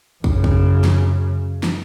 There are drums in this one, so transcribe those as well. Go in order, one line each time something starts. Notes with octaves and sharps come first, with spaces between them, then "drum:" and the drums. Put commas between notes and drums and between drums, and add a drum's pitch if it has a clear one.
F#2 C#3, drum: kick
drum: kick
drum: snare
drum: snare